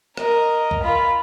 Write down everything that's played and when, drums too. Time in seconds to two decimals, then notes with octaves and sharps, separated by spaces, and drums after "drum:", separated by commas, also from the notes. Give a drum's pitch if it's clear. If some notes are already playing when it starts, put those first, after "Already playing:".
0.17 A#4 D#5, drum: rim click
0.71 drum: kick C2
0.83 F4 B5